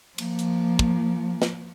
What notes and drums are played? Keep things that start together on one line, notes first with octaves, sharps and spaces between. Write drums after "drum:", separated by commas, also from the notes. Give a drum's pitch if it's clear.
F3 A#3, drum: cymbal
drum: hi-hat
drum: kick
drum: snare